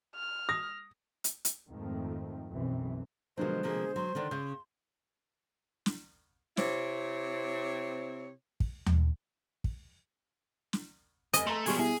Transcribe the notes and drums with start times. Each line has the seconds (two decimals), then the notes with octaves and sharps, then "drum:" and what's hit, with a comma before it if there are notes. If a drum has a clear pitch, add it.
0.15 F6
0.49 D#6 A#6
1.24 drum: hi-hat
1.45 drum: hi-hat
1.69 F2 G#2 D#3 F3 A3 C4
2.50 B1 F#2 E3 C4
3.37 B2 D3 F3 F#3 G#3 A#4 C5
3.63 C3 F3 A#3 G#4
3.96 F#3 C6
4.15 D3 D#3 D4
4.31 C#3 C#4 G6
5.86 drum: snare
6.57 C3 C4 E4 C#5, drum: snare
8.60 drum: kick
8.86 drum: tom D#2
9.64 drum: kick
10.73 drum: snare
11.34 F1 D#5 G#5 A#6, drum: hi-hat
11.47 A3 A#5 C6
11.66 B2 F3 G3 G#4 C6 C#6 G#6, drum: open hi-hat
11.79 B3 E4 G#4 G#5